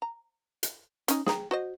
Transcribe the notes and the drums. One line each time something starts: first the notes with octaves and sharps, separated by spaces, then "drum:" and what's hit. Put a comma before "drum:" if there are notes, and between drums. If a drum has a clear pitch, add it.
A#5
drum: hi-hat
C#4 D#4, drum: hi-hat
G#4 G5 A#5, drum: snare
F#4 C5 D#5